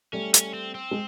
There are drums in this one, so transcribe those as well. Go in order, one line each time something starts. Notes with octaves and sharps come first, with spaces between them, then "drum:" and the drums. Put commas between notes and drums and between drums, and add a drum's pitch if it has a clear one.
G3 A3 C#4
C#4, drum: hi-hat
C4
C4
G#3